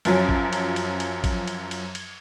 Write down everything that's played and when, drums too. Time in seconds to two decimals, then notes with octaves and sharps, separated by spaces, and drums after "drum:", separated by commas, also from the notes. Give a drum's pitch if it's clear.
0.05 F#2 F3 F#3 C#4, drum: cymbal
0.29 drum: kick
0.53 drum: cymbal
0.76 drum: cymbal
1.00 drum: cymbal
1.24 drum: kick, cymbal
1.48 drum: cymbal
1.71 drum: cymbal
1.95 drum: cymbal